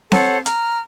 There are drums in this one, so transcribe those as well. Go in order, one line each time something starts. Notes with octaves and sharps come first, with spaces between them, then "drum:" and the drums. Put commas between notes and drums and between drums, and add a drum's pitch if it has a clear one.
A4 C5 C#5 F#5, drum: snare C4
A#5 F6, drum: hi-hat